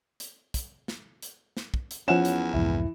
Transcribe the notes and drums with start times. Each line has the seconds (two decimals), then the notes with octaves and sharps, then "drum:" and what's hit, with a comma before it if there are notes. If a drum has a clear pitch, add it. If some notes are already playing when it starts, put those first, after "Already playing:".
0.20 drum: hi-hat
0.54 drum: kick, hi-hat
0.88 drum: snare
1.22 drum: hi-hat
1.57 drum: snare
1.74 drum: kick
1.91 drum: hi-hat
2.08 E2 F3 C#4 F#5 E7
2.25 drum: hi-hat
2.53 C2 F2 G#2 E3